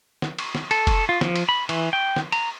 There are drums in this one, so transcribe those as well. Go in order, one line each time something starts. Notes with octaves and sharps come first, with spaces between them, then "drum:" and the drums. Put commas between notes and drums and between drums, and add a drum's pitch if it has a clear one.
drum: snare
drum: cymbal
drum: snare
A4, drum: cymbal
drum: kick F1, cymbal
F4
F3, drum: snare
drum: cymbal
B5
E3, drum: cymbal
G5
drum: snare
A#5, drum: cymbal